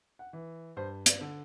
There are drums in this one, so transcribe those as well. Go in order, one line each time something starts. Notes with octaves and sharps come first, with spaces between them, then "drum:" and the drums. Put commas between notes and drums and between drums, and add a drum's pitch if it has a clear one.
F#5
E3
G2 C5
D5, drum: hi-hat
D3